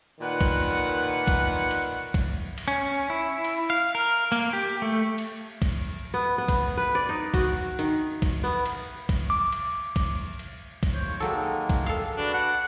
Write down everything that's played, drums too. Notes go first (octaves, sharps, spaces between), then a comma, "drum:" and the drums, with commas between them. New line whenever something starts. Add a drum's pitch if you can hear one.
A#2 D#3 B4 F#5
drum: kick, cymbal
drum: kick, cymbal
drum: cymbal
drum: kick, cymbal
drum: cymbal
C#4
E4
drum: cymbal
F5
A#4
A#3, drum: cymbal
G4
A3
drum: cymbal
drum: kick, cymbal
B3
B3
drum: kick, cymbal
B4
D5
D#4
F#4, drum: kick, cymbal
D#3, drum: cymbal
drum: kick, cymbal
B3
drum: cymbal
drum: kick, cymbal
D6
drum: cymbal
drum: kick, cymbal
drum: cymbal
drum: kick, cymbal
D#2 C5 C#5
D#3 F#3 G#3 A#3 A4
drum: kick, cymbal
A4 F5
D4 F#4 B4
F#5